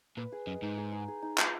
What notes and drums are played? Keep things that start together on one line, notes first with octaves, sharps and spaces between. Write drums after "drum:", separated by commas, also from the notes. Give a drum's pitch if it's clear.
A#2 B4
G#4
F#2 D#5
G#2 D#4
G#4
D#4
G#4
D#4
F4, drum: clap